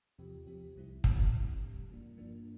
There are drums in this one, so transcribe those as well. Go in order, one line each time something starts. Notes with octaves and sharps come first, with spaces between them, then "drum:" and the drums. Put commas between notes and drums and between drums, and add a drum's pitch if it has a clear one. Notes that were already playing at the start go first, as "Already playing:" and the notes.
E2 C3 F3 C4 G4
E2 C3 F3 C4 G4
C2 C3 G3 C4 E4
C2 C3 G3 C4 E4, drum: kick
G2 D3 G3
G2 D3 G3
G2 F3 A#3 D4
G2 F3 A#3 D4